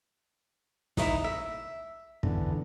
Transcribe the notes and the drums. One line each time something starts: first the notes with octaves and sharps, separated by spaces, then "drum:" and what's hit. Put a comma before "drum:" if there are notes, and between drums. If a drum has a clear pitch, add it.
D#4 E4 D#5, drum: snare
E5
E2 D3, drum: kick